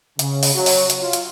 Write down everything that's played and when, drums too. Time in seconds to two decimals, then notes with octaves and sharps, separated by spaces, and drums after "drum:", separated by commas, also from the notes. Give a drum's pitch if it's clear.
0.19 C#3, drum: hi-hat
0.43 drum: open hi-hat
0.55 F#3
0.66 drum: open hi-hat
0.90 drum: hi-hat
1.01 F4
1.13 drum: hi-hat